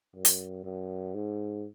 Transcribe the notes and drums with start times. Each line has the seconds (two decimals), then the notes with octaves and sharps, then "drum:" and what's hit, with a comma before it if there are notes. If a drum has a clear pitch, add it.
0.15 F#2
0.25 drum: hi-hat
0.64 F#2
1.14 G#2